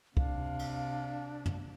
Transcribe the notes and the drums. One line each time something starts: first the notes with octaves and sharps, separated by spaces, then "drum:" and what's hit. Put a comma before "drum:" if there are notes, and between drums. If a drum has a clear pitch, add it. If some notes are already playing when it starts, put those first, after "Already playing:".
C3 D4 F5, drum: kick
drum: cymbal
drum: tom